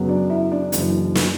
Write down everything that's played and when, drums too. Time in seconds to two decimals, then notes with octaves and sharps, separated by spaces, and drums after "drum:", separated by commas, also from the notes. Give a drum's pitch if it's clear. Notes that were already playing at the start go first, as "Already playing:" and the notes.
Already playing: F#2 C#3 F#3 B3
0.09 D4 D5
0.30 E4 E5
0.51 D4 D5
0.72 F#1 F#2 E3, drum: hi-hat
1.15 drum: snare